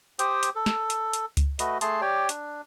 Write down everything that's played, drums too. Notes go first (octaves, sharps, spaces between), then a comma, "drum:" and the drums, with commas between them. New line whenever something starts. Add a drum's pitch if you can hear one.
G4 C5 G5 D#6, drum: hi-hat
drum: hi-hat
A4
drum: snare
drum: hi-hat
drum: hi-hat
drum: kick C#2, hi-hat
A3 F#4 B4 D#5, drum: hi-hat
A3 G#4 A5 C6, drum: hi-hat
G4 C#5 D5 G5
D4, drum: hi-hat